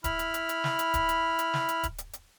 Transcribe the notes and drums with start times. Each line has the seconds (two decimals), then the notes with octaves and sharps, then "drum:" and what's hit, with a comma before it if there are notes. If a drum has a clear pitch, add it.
0.04 E4 B5 F6, drum: kick D1, hi-hat
0.19 drum: hi-hat
0.34 drum: hi-hat
0.49 drum: hi-hat
0.64 drum: snare
0.79 drum: hi-hat
0.94 drum: kick D1, hi-hat
1.09 drum: hi-hat
1.39 drum: hi-hat
1.54 drum: snare
1.69 drum: hi-hat
1.83 drum: kick D1, hi-hat
1.98 drum: hi-hat
2.13 drum: hi-hat